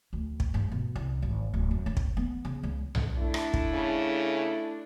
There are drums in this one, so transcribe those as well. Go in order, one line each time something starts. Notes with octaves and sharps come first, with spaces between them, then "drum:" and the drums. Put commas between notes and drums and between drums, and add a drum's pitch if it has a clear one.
D2
drum: kick
G2
B2
C2
G#1
D1
F#2
C#4
drum: kick
B3
C#3
C#2
drum: tom B1
A3 D4 E4
drum: rim click
drum: kick
C#3